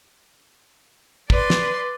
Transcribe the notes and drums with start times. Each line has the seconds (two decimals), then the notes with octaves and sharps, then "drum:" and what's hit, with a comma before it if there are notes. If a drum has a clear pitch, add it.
1.30 B4 D5 C6, drum: kick
1.50 drum: snare